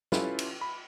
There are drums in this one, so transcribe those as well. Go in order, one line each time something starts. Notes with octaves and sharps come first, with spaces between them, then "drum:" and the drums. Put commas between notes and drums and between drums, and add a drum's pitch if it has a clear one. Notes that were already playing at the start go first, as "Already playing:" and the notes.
C#4 E4 F4 G4 A4 B4, drum: snare
drum: cymbal
B5